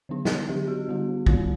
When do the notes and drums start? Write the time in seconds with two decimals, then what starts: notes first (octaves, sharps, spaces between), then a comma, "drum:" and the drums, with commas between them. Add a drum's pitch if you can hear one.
0.09 D3 F#3 B3 D4
0.25 drum: snare
0.49 D3 F#3 B3 D4 G4
0.68 F#4
0.88 D3 G3 B3
1.26 D#3 G3 A#3 F4, drum: kick